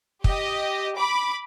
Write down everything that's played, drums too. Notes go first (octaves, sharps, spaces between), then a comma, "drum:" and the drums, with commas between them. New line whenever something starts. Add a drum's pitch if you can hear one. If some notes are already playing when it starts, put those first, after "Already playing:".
G4 D#5, drum: kick
B5 D6